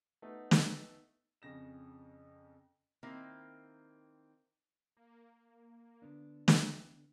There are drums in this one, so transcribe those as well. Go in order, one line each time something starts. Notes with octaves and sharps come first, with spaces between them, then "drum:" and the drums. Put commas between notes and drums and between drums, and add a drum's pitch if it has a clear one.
A3 B3 D#4 F#5
drum: snare
F2 C#3 A#6 E7
D#3 A#3 C4 E4
A#3
D3 B3 D4
E3, drum: snare